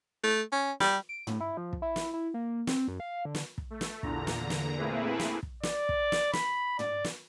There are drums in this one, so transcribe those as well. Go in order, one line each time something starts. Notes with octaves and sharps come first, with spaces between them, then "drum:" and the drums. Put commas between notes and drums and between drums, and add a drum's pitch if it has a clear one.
A3
C#4
G3, drum: snare
D7
A2, drum: tom
E4
F3
drum: kick
E4
drum: snare
E4
A#3
C4, drum: snare
F#2
F5
D3
drum: snare
drum: kick
A3
drum: snare
E2 A#2 D3 A#5, drum: kick
drum: snare
drum: snare
A3 A#3 C4 E4 G#4 B4
drum: snare
drum: kick
D5, drum: snare
drum: kick
drum: snare
B5, drum: snare
D5, drum: tom
drum: snare